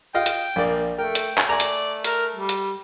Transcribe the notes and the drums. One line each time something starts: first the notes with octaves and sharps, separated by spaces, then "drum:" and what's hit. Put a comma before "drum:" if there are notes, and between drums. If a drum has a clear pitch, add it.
F4 D#5 F5 G5
drum: hi-hat
A#1 A#3 D5
A3 A#4 G5
drum: hi-hat
drum: clap
A3 D5 G#5 A#5
drum: hi-hat
A#4, drum: hi-hat
G3
drum: hi-hat